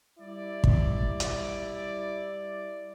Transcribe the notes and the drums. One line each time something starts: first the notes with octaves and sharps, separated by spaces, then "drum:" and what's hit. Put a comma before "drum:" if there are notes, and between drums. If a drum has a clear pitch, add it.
G3 E4 D5
drum: kick
drum: hi-hat